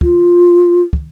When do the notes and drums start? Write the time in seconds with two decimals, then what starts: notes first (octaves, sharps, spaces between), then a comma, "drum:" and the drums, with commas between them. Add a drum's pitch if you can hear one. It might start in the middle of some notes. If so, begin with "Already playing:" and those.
0.01 F4, drum: kick
0.93 drum: kick